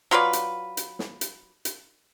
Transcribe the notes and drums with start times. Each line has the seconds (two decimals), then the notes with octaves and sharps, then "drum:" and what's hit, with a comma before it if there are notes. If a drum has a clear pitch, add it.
0.11 F#3 F4 B4 D5
0.33 drum: hi-hat
0.77 drum: hi-hat
0.99 drum: snare
1.21 drum: hi-hat
1.65 drum: hi-hat